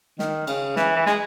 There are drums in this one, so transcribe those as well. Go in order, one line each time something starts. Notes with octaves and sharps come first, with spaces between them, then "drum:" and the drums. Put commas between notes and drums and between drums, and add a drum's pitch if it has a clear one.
D#3, drum: snare
C#3, drum: cymbal
E3, drum: snare
E3
G#3, drum: snare